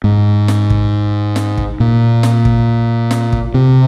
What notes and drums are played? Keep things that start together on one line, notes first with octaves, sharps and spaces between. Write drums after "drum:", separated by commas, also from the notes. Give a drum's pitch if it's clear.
G#2
drum: snare
drum: kick
drum: snare
drum: kick
A#2
drum: snare
drum: kick
drum: snare
drum: kick
C3